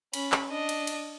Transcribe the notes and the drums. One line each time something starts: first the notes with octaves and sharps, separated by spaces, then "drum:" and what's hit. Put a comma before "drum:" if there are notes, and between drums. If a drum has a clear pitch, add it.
C#4 B5, drum: cymbal
drum: clap
D4 D#5
drum: cymbal
drum: cymbal